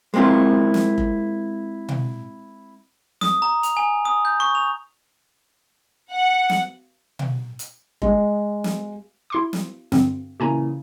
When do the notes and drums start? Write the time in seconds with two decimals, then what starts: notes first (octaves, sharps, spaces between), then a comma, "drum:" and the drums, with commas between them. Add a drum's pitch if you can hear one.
0.14 G#3 A#3 C4 E4 F4
0.74 drum: snare
0.98 drum: kick F1
1.89 drum: tom B2
3.21 D#6, drum: snare
3.42 A#5
3.63 F7, drum: hi-hat
3.77 G#5
4.05 D#6
4.25 G6
4.40 C#6
4.55 F7
6.12 F#5
6.50 drum: snare
7.19 drum: tom B2
7.59 drum: hi-hat
8.02 G#3, drum: kick F1
8.64 drum: snare
9.30 E4 C6 D6
9.53 drum: snare
9.92 G2 D3 C4, drum: snare
10.40 A#2 C#3 E3 F#4 G#5 A#5